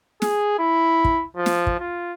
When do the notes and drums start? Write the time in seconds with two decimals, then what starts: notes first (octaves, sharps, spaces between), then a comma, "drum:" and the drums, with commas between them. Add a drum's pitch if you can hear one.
0.22 G#4, drum: snare
0.59 E4
1.05 drum: kick
1.36 F3
1.46 drum: snare
1.67 drum: kick
1.80 F4